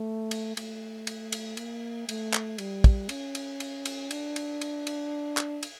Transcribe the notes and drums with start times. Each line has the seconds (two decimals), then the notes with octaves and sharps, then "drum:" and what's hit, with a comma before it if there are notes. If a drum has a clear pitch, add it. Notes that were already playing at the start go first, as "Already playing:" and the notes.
Already playing: A3
0.31 drum: cymbal
0.57 A3, drum: cymbal
1.07 drum: cymbal
1.32 drum: cymbal
1.57 A#3, drum: cymbal
2.09 A3, drum: cymbal
2.34 drum: clap
2.58 G3, drum: cymbal
2.84 drum: kick, cymbal
3.09 C#4, drum: cymbal
3.35 drum: cymbal
3.60 drum: cymbal
3.85 drum: cymbal
4.11 D4, drum: cymbal
4.36 drum: cymbal
4.61 drum: cymbal
4.87 drum: cymbal
5.37 drum: clap
5.63 drum: cymbal